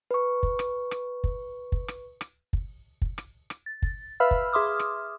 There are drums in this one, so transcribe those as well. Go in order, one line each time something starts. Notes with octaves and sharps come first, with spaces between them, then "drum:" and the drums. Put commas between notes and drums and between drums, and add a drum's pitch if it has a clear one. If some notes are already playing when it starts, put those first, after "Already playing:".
B4 C#6
drum: kick
drum: rim click
drum: rim click
drum: kick
drum: kick
drum: rim click
drum: rim click
drum: kick
drum: kick
drum: rim click
drum: rim click
A6
drum: kick
B4 E5 F5 B5 E6 F6
drum: kick
G#4 E5 C6 D6 D#6 F6
drum: rim click